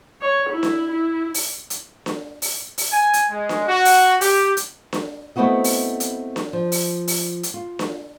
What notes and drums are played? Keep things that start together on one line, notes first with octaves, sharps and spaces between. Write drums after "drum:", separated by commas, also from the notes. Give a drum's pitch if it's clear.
C#5
E4
drum: snare D4
E4
drum: open hi-hat
drum: hi-hat
drum: snare D4
drum: open hi-hat
drum: open hi-hat
G#5
drum: hi-hat
G#3
drum: snare D4
F#4
drum: open hi-hat
G4, drum: open hi-hat
drum: hi-hat
drum: snare D4
A3 B3 C4 E4 F#4 D#5
drum: open hi-hat
drum: hi-hat
drum: snare D4
F3
drum: open hi-hat
drum: open hi-hat
drum: hi-hat
F4
drum: snare D4